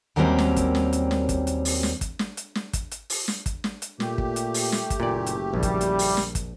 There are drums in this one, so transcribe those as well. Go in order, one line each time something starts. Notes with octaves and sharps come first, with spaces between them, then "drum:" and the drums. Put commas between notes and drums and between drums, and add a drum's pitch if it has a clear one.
D#2 F#3 G3 A#3 C4 C#4
drum: snare
drum: kick, hi-hat
drum: snare
drum: hi-hat
drum: snare
drum: kick, hi-hat
drum: hi-hat
drum: open hi-hat
drum: snare
drum: kick, hi-hat
drum: snare
drum: hi-hat
drum: snare
drum: kick, hi-hat
drum: hi-hat
drum: open hi-hat
drum: snare
drum: kick, hi-hat
drum: snare
drum: hi-hat
A#2 A3 G4, drum: snare
drum: kick
drum: hi-hat
drum: open hi-hat
drum: snare
drum: kick, hi-hat
F#1 A#2 D5
drum: hi-hat
A#1 G3
drum: kick, hi-hat
drum: hi-hat
drum: open hi-hat
drum: snare
drum: kick, hi-hat